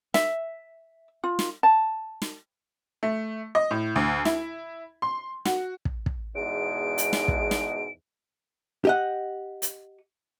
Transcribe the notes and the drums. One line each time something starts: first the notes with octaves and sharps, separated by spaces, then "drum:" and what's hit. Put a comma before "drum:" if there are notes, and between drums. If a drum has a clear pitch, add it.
E5, drum: snare
F4
drum: snare
A5
drum: snare
A3
D#5
A2
D2
E4, drum: snare
C6
F#4, drum: snare
drum: kick
drum: kick
E2 G#2 B2 G#3 D7
drum: hi-hat
drum: snare
drum: kick
drum: snare
G4 D#5 F#5
drum: hi-hat